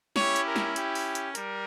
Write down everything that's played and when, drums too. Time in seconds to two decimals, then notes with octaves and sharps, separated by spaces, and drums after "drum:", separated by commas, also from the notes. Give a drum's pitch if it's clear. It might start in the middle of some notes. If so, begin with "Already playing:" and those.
0.16 C#4 E4 G4 C#5, drum: snare
0.36 drum: hi-hat
0.46 A#4
0.56 drum: snare
0.76 G4, drum: hi-hat
0.95 drum: open hi-hat
1.15 drum: hi-hat
1.35 G3 A#4, drum: hi-hat